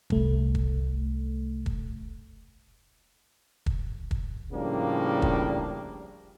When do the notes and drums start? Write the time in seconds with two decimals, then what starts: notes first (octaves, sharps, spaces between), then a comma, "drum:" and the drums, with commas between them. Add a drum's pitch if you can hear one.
0.10 C2 A3, drum: kick
0.55 drum: kick
1.66 drum: kick
3.66 drum: kick
4.11 drum: kick
4.52 A2 C#3 F3 G3 A#3 D4
5.22 drum: kick